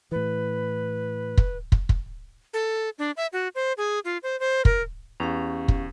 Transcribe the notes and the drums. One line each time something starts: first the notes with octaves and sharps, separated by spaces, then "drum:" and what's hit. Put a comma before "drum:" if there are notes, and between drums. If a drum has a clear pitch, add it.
A2 E3 B4
drum: kick
drum: kick
drum: kick
A4
D4
E5
F#4
C5
G#4
F4
C5
C5
A#4, drum: kick
E2 C#4 G4 F5
drum: kick